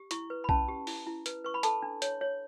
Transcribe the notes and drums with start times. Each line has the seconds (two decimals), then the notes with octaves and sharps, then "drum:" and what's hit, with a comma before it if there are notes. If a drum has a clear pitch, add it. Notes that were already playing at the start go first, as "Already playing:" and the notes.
Already playing: G4
0.11 E4 C#6, drum: hi-hat
0.30 B4
0.44 B5
0.49 C#4 A5, drum: kick
0.68 G4
0.87 E4, drum: open hi-hat
1.06 E4
1.26 B4, drum: hi-hat
1.44 B4 C#6
1.54 B5
1.63 A4 A5, drum: hi-hat
1.82 D4
2.02 C#5, drum: hi-hat
2.21 C#5